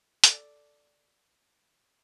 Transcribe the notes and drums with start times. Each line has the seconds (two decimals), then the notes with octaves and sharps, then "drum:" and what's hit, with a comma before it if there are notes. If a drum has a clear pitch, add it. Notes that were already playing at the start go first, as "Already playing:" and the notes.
0.24 A4 D5, drum: hi-hat